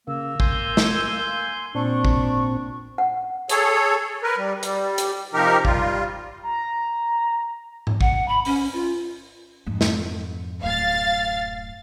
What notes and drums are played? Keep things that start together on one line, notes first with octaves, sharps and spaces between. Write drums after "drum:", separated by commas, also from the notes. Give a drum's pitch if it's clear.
C#3 A#3 E6
G#5 C6 G6, drum: kick A1
drum: snare
A#2 C4 D4 C#6
drum: kick A1
F#5
G#4 A4 C#5, drum: hi-hat
A#4 B4
G3
G3, drum: hi-hat
drum: hi-hat
C3 F3 D#4 G4 A#4
G3 F4, drum: kick A1
A#5
drum: tom G#2
F#5, drum: kick A1
B5
C#4, drum: open hi-hat
F4
F2 G#2
drum: snare
D1 F#2 F5 A6